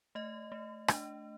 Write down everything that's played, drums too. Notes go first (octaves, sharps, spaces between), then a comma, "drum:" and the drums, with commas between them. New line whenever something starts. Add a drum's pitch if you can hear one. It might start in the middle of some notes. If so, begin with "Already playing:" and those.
A3 D#5
A3
D4, drum: rim click